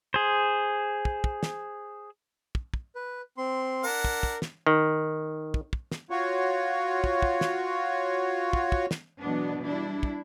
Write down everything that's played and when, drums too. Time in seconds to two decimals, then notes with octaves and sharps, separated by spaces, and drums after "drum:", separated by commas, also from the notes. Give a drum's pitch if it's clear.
0.14 G#4 C5
1.05 drum: kick
1.24 drum: kick
1.43 drum: snare
2.55 drum: kick
2.74 drum: kick
2.95 B4
3.37 C4 C6
3.84 D4 A#4 F#5 A5
4.04 drum: kick
4.23 drum: kick
4.42 drum: snare
4.67 D#3
5.54 drum: kick
5.73 drum: kick
5.92 drum: snare
6.10 F4 F#4 C#5
7.04 drum: kick
7.22 drum: kick
7.41 drum: snare
8.53 drum: kick
8.72 drum: kick
8.91 drum: snare
9.19 B2 E3 F#3 B3 D4
9.64 G3 D4 E4
10.03 drum: kick